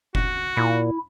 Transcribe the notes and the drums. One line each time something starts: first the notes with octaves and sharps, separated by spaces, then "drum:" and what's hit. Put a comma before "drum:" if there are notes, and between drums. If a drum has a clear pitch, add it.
F#4, drum: kick F1
A#2 E4